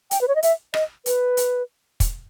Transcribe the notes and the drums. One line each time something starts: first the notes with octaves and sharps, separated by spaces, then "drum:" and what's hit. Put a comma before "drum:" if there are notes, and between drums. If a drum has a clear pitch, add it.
G5, drum: hi-hat
B4
C#5
D#5
E5, drum: hi-hat
D#5, drum: rim click
B4, drum: hi-hat
drum: hi-hat
drum: kick, hi-hat